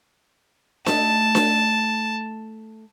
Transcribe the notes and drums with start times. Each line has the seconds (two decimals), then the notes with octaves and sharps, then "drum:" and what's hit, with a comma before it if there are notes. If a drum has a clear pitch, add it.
0.86 A3 D#4 F#4 A5, drum: snare D4
1.35 drum: snare D4